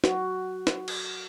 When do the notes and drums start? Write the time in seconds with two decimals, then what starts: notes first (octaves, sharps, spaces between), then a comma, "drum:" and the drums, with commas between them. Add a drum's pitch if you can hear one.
0.04 F#4, drum: snare
0.67 drum: snare
0.88 drum: cymbal